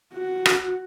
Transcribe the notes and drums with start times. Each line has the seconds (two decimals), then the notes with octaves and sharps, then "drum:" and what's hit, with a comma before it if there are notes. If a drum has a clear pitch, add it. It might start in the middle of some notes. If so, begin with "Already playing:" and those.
0.14 F#4
0.46 drum: rim click